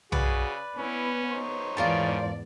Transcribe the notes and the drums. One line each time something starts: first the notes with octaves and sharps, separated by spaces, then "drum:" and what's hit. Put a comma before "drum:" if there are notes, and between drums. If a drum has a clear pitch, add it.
C#3 F#4 G#4 B4 D5, drum: tom B1
B3 C#4 E4
D#4 C5 C#5
E2 G#2 C#3 F4 A#4 D5 A5